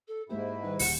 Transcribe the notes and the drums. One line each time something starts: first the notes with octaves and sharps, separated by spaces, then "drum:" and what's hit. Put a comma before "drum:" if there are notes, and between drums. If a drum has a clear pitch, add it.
A4
G#2 G#3 A#3 E4 G4 C5
D#3 G3 D#4 B4
D#1 F#5 C#7, drum: open hi-hat